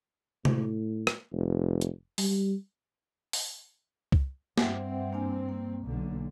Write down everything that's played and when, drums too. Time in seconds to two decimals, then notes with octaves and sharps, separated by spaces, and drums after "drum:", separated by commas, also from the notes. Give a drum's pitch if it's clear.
0.45 A2, drum: tom C3
1.07 drum: rim click
1.32 F1
1.81 drum: hi-hat
2.18 G3, drum: open hi-hat
3.33 drum: open hi-hat
4.12 drum: kick C2
4.58 G2 C4 E5 F#5 G5, drum: snare
5.13 A#3 D4 G#5
5.49 A#3
5.83 B1 D3